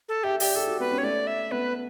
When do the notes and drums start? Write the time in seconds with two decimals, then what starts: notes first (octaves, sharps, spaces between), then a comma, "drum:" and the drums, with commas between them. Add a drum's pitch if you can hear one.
0.09 A4
0.24 G4 E5
0.40 G4 D5, drum: open hi-hat
0.55 G4 A4
0.68 F#4
0.80 B3 B4
0.92 C#4
0.98 C#5
1.03 A3 D5
1.27 E5
1.51 B3 B4